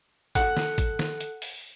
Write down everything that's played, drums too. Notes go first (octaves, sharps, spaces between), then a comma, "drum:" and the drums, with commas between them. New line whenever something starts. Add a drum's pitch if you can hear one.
A4 F#5 F#6, drum: kick, hi-hat
drum: snare
drum: kick, hi-hat
drum: snare
drum: hi-hat
drum: open hi-hat